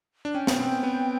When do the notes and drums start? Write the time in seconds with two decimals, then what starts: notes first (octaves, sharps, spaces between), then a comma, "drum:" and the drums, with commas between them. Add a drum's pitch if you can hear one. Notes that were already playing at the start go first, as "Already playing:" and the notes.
0.25 D4
0.34 C#4 G5
0.47 B3, drum: snare
0.59 C4
0.83 B3